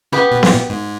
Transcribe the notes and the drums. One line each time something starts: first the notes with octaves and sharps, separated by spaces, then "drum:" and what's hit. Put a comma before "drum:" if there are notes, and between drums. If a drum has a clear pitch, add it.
C#3 B3 G4 B4
B2
G#2, drum: snare B3
A#2
G#2